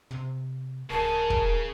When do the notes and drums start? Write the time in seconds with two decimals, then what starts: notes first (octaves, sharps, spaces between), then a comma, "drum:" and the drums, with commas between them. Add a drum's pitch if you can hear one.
0.11 C3
0.91 D1 C#3 G#4 A#4 A5
1.30 drum: kick